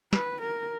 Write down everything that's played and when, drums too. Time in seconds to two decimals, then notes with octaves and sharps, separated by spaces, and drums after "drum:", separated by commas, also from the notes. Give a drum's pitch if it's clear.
0.13 B4, drum: snare
0.42 A#4